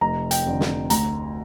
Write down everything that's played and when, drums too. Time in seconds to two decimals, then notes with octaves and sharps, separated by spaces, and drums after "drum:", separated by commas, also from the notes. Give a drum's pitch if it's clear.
0.01 F1 A#5
0.31 G5, drum: hi-hat
0.46 F2 D3
0.60 drum: snare
0.90 D2 A#5, drum: hi-hat